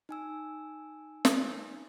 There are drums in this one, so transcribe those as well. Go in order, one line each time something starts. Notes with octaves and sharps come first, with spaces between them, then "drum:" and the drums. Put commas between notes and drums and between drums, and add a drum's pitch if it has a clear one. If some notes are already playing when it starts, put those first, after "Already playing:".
D#4 G#5 E6
drum: snare